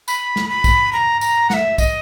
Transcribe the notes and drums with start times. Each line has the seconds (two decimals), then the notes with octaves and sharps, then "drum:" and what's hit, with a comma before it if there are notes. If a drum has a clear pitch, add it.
0.08 B5, drum: tambourine
0.36 drum: snare
0.50 B5
0.64 drum: kick, tambourine
0.93 A#5
1.21 A#5, drum: tambourine
1.50 F#5, drum: snare
1.54 E5
1.78 D#5, drum: kick, tambourine